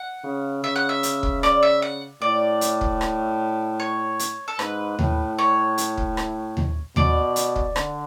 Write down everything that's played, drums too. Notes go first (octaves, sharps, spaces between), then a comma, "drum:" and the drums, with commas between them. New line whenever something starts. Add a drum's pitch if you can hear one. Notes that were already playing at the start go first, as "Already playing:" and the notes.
Already playing: F#5
C#3
C#3 E5
F#5
E5
drum: hi-hat
drum: kick
D5, drum: rim click
E5
F#5
A2 D5
drum: hi-hat
drum: kick
drum: rim click
C#5
drum: hi-hat
A4
G#2 B4, drum: rim click
A2, drum: tom D#2
C#5
drum: hi-hat
drum: kick
drum: rim click
drum: tom D#2
B2 D5, drum: tom D#2
drum: hi-hat
drum: kick
D3, drum: rim click